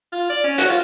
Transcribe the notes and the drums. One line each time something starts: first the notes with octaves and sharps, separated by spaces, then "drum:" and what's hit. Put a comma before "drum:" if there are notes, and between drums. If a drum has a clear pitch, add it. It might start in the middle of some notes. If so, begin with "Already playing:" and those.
F4
D5
C#4
F#4, drum: hi-hat
F4